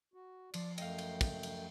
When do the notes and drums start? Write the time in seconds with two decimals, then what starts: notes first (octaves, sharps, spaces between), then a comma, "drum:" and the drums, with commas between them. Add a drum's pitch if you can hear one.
0.14 F#4
0.54 F3 D5, drum: cymbal
0.78 F#2 A3 D#5 F5 G5, drum: cymbal
0.98 drum: cymbal
1.21 drum: kick, cymbal
1.43 drum: cymbal